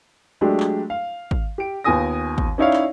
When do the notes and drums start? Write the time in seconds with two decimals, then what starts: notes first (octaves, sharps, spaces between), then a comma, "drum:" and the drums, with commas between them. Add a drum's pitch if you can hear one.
0.41 F#3 G#3 A3 D4 G4
0.60 drum: clap
0.90 F5
1.31 drum: kick
1.58 G4 D7
1.84 D#2 B3 F4 G#5 D#6 A#6
2.38 drum: kick
2.58 C#4 D#4 E4 C#5 D5 F5
2.73 drum: clap